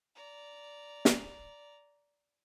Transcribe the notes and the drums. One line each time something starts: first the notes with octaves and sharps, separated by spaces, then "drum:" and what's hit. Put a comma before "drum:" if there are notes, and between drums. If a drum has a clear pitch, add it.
D5 A#5
drum: snare